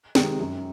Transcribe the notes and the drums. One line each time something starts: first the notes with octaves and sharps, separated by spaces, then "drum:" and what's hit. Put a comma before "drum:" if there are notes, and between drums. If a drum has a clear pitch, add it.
C3 D#3 G#3, drum: snare
F#2